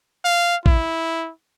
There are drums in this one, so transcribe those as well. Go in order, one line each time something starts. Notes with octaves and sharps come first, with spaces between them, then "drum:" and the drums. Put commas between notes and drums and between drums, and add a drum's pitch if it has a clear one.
F5
E4, drum: kick A1